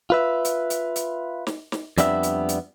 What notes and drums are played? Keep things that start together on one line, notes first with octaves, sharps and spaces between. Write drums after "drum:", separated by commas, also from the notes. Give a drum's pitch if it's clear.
F4 B4 E5
drum: hi-hat
drum: hi-hat
drum: hi-hat
drum: snare
drum: snare
F2 G3 B3 D4 E5, drum: hi-hat
drum: hi-hat
drum: hi-hat